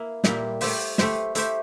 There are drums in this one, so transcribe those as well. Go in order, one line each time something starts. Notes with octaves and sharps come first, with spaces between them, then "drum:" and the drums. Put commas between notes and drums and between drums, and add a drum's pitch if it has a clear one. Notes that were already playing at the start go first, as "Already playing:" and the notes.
Already playing: A#3 E4
A#2 G3 A#3 E4, drum: snare
A3 E4 G4 C5 E5, drum: open hi-hat
A3 E4 G4 C5 E5, drum: snare
A3 E4 G4 C5 E5, drum: hi-hat